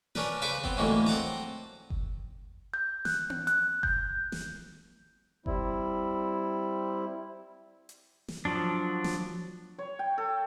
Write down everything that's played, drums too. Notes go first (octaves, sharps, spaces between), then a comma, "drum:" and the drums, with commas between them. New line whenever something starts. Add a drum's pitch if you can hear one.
C#4 D4 A#4 B4, drum: snare
C#3 B4 C5 B5 C#6 D6
B3 C4, drum: kick F#1
D2 A2 E3 G#3 A#3 C#4
C4 F#5 A5 A#5, drum: snare
drum: kick F#1
G6
F#6, drum: snare
drum: tom B3
F#6, drum: hi-hat
G6, drum: kick F#1
drum: snare
G3 C4 E4, drum: kick F#1
drum: hi-hat
drum: snare
F3 F#3 D4
drum: snare
C#5
G5
A4